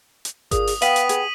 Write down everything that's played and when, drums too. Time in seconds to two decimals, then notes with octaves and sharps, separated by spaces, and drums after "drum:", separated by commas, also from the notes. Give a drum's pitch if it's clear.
0.25 drum: hi-hat
0.51 A#2 G#4 D#6, drum: kick G1, hi-hat
0.67 drum: open hi-hat
0.82 B3 F5 G5 B6 D#7 F#7, drum: hi-hat
0.96 drum: hi-hat
1.09 G#4, drum: hi-hat